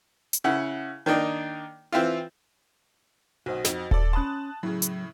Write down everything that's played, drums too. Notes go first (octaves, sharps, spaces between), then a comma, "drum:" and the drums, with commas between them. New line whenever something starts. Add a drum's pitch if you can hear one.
drum: hi-hat
C#3 E4 F#5
D#3 A#3 D4 D#4
E3 C4 E4 F4
B1 F#4 C5 D#5
F2 D#4, drum: snare
A4 D5, drum: kick D#1
C#4 A5 B5 C6 D#6 F#6
A2 C#3 F#3
drum: hi-hat